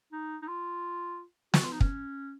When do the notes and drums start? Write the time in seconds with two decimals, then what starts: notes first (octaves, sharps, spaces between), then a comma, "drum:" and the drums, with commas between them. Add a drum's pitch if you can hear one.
0.12 D#4
0.42 D#4
0.48 F4
1.54 F#4, drum: snare
1.63 F4
1.72 D#4
1.81 C#4, drum: kick